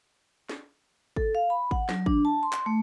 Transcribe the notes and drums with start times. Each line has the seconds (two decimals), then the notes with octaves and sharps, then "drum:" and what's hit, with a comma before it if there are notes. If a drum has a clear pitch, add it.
0.49 drum: snare
1.16 A4, drum: kick G#1
1.35 F5
1.50 B5
1.71 F#5, drum: kick G#1
1.89 F#3, drum: snare
2.06 D4, drum: kick G#1
2.25 A5
2.43 C6
2.53 drum: clap
2.66 A3